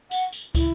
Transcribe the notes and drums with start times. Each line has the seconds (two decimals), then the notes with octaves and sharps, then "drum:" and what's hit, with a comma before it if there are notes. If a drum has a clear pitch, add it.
0.11 F#5, drum: tambourine
0.33 drum: tambourine
0.55 E4, drum: kick, tambourine